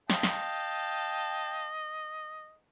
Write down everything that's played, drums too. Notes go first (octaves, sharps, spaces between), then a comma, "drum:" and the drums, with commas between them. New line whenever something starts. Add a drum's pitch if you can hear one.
D#5 F5 G5 A5, drum: snare
drum: snare